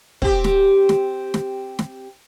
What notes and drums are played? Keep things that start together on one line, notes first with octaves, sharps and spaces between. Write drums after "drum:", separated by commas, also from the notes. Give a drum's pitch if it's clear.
C4 G4, drum: kick
drum: snare
drum: snare
drum: snare
drum: snare